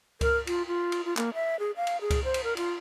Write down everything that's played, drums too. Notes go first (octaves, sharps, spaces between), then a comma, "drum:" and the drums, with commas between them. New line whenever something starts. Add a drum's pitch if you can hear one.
A#4, drum: kick C#2, cymbal
F4, drum: cymbal
F4
drum: cymbal
F4
A#3, drum: clap
E5
G#4
F5
drum: cymbal
G#4
drum: kick C#2, cymbal
C5
drum: cymbal
A#4
F4, drum: cymbal